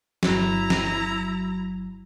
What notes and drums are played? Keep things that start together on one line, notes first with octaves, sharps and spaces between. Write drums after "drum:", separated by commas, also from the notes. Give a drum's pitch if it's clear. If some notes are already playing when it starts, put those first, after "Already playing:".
G1 F#3 E4 A#5, drum: snare
drum: snare